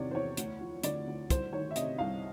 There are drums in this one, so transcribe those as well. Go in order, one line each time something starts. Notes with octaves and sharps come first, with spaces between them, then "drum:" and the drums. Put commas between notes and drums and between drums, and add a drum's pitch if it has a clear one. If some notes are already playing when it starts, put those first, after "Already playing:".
Already playing: E2 C3 D#3 C#5 D5
C5
E2 C#5
D2, drum: hi-hat
F3
D3 D5, drum: hi-hat
D2
C2 C5, drum: kick, hi-hat
D#3 C#5
E5
C3 D#5, drum: hi-hat
C2 F5